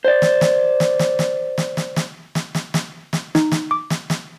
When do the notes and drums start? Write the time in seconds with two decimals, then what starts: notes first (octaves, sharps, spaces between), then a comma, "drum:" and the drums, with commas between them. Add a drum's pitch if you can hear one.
0.05 C5 D5
0.22 drum: snare
0.41 drum: snare
0.80 drum: snare
0.99 drum: snare
1.19 drum: snare
1.58 drum: snare
1.77 drum: snare
1.96 drum: snare
2.35 drum: snare
2.55 drum: snare
2.74 drum: snare
3.13 drum: snare
3.35 D#4, drum: snare
3.52 drum: snare
3.71 D6
3.90 drum: snare
4.10 drum: snare